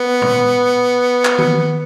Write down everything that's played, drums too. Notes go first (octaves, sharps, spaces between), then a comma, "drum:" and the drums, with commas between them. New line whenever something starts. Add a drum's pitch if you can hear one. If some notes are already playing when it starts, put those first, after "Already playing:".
Already playing: B3
drum: tom
drum: clap
drum: tom D#3